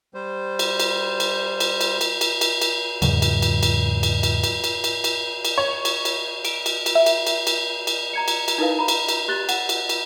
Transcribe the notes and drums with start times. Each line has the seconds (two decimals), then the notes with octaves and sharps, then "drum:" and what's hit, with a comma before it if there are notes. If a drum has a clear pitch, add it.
0.14 G3 C5
0.59 drum: cymbal
0.80 drum: cymbal
1.20 drum: cymbal
1.60 drum: cymbal
1.81 drum: cymbal
2.01 drum: cymbal
2.21 drum: cymbal
2.41 drum: cymbal
2.62 drum: cymbal
3.02 E2 G#2 C#3 F#3, drum: cymbal
3.22 drum: cymbal
3.42 drum: cymbal
3.63 drum: cymbal
4.03 drum: cymbal
4.23 drum: cymbal
4.43 drum: cymbal
4.64 drum: cymbal
4.84 drum: cymbal
5.04 drum: cymbal
5.45 drum: cymbal
5.58 C#5
5.85 drum: cymbal
6.05 drum: cymbal
6.45 D7, drum: cymbal
6.66 drum: cymbal
6.86 drum: cymbal
6.95 E5
7.06 drum: cymbal
7.27 drum: cymbal
7.47 drum: cymbal
7.87 drum: cymbal
8.14 A#5 G#6 C#7
8.28 drum: cymbal
8.48 drum: cymbal
8.58 D#4 E4 A#4 B4 F5
8.79 A#5 B5
8.88 drum: cymbal
9.09 drum: cymbal
9.28 G4 F#6 A6 G7
9.49 F#5, drum: cymbal
9.69 drum: cymbal
9.89 drum: cymbal